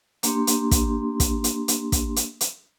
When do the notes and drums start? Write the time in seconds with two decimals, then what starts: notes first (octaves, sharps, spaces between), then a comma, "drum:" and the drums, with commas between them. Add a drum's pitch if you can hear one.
0.23 A#3 D4 G4 C6, drum: hi-hat
0.47 drum: hi-hat
0.71 drum: kick, hi-hat
1.20 drum: kick, hi-hat
1.44 drum: hi-hat
1.68 drum: hi-hat
1.92 drum: kick, hi-hat
2.16 drum: hi-hat
2.41 drum: hi-hat